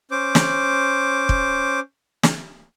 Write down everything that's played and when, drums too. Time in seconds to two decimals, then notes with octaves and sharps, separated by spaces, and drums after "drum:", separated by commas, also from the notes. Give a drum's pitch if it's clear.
0.11 C#4 C5 D6
0.35 drum: snare
1.29 drum: kick
2.23 drum: snare